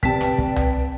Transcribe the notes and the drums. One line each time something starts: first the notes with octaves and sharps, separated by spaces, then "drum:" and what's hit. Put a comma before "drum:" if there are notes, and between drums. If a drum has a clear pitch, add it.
C3 C4 B4 D5 G5 A5 B6, drum: kick
drum: snare
drum: kick
drum: tom C2